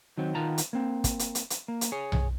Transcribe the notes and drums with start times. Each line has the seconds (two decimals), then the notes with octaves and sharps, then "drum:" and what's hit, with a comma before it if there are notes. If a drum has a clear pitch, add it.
0.18 D#3 F#3 C4
0.35 D#3 B3 F4 A5 A#5
0.58 drum: hi-hat
0.73 A#3 C4
1.04 drum: kick, hi-hat
1.19 drum: hi-hat
1.35 drum: hi-hat
1.50 drum: hi-hat
1.68 A#3
1.81 drum: hi-hat
1.92 G#4 C#5
2.12 drum: tom B1